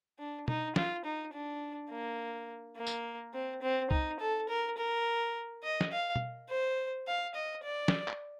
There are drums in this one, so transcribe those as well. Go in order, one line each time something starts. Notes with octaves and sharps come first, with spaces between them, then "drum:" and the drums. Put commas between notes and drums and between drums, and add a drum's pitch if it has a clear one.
D4
D#4, drum: tom B2
F4, drum: snare
D#4
D4
A#3
A#3
drum: tambourine
C4
C4
D#4, drum: kick C2
A4
A#4
A#4
D#5
drum: snare
F5
drum: tom B2
C5
F5
D#5
D5
drum: snare
drum: clap